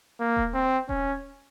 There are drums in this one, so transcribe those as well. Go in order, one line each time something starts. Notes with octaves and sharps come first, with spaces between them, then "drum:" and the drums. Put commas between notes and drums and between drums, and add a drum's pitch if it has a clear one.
A#3
drum: kick D#1
C4
C#4, drum: kick D#1